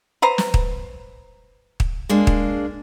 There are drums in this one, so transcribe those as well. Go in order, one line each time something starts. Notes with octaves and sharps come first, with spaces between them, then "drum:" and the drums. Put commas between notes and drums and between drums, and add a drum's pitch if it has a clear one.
B4 C5 A#5
drum: snare
drum: kick
drum: kick
G#3 A#3 D4
drum: kick